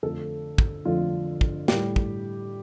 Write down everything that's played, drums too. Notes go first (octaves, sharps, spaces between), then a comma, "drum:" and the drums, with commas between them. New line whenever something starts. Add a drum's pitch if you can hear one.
F2 D3 F3 A3 A4
drum: kick
F2 D3 F3 A3 F4
drum: kick
A2 G3 G4, drum: snare
drum: kick